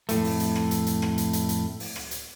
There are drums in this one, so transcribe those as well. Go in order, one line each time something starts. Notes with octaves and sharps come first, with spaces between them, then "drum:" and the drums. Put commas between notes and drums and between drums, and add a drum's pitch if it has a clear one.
F2 A2 A3, drum: hi-hat
drum: open hi-hat
drum: hi-hat
drum: rim click
drum: hi-hat
drum: hi-hat
drum: rim click
drum: hi-hat
drum: hi-hat
drum: hi-hat
drum: open hi-hat
drum: rim click
drum: hi-hat